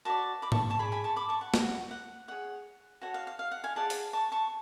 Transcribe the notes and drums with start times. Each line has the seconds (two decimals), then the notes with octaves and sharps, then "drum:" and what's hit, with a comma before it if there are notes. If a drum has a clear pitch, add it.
0.05 F#4 B4 D5 A5 C#6
0.42 B5 D6
0.52 A5 C#6, drum: tom G#2
0.70 A5 C#6
0.79 G#4 D5 G#5 B5
0.92 G#5 B5
1.04 A5 C#6
1.16 B5 D6
1.29 A5 C#6
1.41 F#5
1.54 F#4 C#5, drum: snare
1.91 F#5
2.28 G#4 C#5 F#5
3.01 F#4 A4 C#5 F#5
3.14 F5
3.27 F5
3.39 F5
3.51 F#5
3.64 F5 G#5
3.76 F4 G#4 D5 F#5 A5
3.90 drum: open hi-hat
4.13 A5 C#6
4.32 A5 C#6